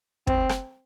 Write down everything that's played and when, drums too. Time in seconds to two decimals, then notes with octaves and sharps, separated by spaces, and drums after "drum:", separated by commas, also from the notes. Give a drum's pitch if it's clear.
0.27 C4, drum: kick
0.49 drum: rim click